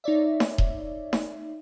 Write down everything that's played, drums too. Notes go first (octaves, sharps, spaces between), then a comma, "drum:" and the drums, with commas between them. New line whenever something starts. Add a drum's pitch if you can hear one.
D#4 C#5 D5 E5
drum: snare D#4
drum: kick D#1
drum: snare D#4